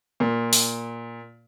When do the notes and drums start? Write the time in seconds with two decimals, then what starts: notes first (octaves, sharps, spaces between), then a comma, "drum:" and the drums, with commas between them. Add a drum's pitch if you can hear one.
0.20 A#2
0.53 drum: open hi-hat